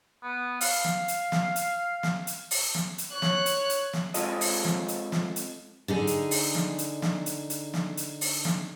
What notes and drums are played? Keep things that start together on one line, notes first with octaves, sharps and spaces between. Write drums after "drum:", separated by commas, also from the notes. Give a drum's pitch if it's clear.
B3
F5, drum: open hi-hat
drum: snare
drum: hi-hat
drum: snare
drum: hi-hat
drum: snare
drum: hi-hat
drum: open hi-hat
drum: snare
drum: hi-hat
C#5 F#6
drum: snare
drum: hi-hat
drum: hi-hat
drum: snare
G#3 C4 F4 A4 D#5, drum: hi-hat
drum: open hi-hat
drum: snare
drum: hi-hat
drum: snare
drum: hi-hat
D3 D#4 G#4
drum: hi-hat
drum: open hi-hat
drum: snare
drum: hi-hat
drum: snare
drum: hi-hat
drum: hi-hat
drum: snare
drum: hi-hat
drum: open hi-hat
drum: snare